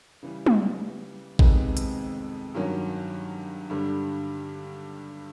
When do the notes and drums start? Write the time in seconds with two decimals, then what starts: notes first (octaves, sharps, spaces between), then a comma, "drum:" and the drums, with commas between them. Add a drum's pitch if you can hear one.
0.23 C#3 E3 G3
0.46 drum: tom
1.39 F2 C3 D#3 G#3 B3, drum: kick A1
1.77 drum: hi-hat
2.55 G2 D#3 F#3 A#3 C#4
3.70 G2 D3 G3